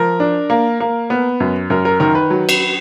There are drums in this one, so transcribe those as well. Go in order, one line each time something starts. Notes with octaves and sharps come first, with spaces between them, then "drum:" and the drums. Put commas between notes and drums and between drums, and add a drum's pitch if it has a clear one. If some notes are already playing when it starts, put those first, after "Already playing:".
Already playing: F3 A#4
D4
A#3
A#3
B3
F#2
F#2 A#4
A#4
D#3 A#4
B4
F#3
drum: cymbal